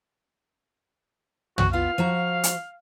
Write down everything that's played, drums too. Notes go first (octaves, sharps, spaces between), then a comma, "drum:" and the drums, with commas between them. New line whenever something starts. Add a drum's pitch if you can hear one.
F#4, drum: tom
B3 F4 F5
F3 F#4 A#5
drum: hi-hat